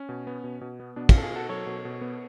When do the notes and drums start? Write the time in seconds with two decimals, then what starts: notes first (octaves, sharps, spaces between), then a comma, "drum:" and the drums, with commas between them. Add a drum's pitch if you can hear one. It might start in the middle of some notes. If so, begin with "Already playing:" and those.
Already playing: C#4
0.09 B2
0.27 B3
0.44 B2
0.61 B2
0.80 B3
0.96 B2 B3 D4
1.09 C#4 F4, drum: kick, cymbal
1.15 B2 A4
1.23 F4 G#4
1.32 B2 F#4 A4
1.49 F#3 A4 C#5
1.66 B2
1.85 B2
2.01 B3